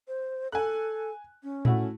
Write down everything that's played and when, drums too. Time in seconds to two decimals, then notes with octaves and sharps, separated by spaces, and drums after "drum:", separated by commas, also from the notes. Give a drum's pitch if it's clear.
0.08 C5
0.52 A4 G#5 F#6
1.43 C#4
1.65 A3 E4 F#4, drum: tom A2